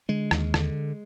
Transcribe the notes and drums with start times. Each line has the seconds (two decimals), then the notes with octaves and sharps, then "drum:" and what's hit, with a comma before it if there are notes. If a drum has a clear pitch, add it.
0.09 D3 G#3
0.31 D#2, drum: rim click
0.54 D3, drum: rim click